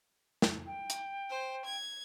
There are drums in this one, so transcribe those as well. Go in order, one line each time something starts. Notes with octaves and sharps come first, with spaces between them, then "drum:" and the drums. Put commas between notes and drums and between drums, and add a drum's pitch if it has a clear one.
drum: snare
G5
drum: hi-hat
C5
G#6